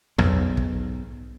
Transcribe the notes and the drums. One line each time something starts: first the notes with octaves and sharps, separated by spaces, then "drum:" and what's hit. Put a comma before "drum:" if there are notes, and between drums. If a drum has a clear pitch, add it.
B1 G#2, drum: tom E2
drum: kick